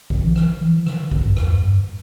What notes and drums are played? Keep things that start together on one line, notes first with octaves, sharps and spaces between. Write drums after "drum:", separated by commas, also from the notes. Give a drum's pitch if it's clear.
D3, drum: kick A#1
E3
E3, drum: rim click
E3
D3, drum: rim click
drum: kick A#1
G2
E2, drum: rim click
F#2
G2